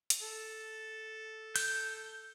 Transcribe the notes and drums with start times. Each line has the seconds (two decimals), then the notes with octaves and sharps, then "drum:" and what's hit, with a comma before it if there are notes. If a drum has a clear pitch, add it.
0.10 drum: hi-hat
0.22 A4
1.56 G6, drum: cymbal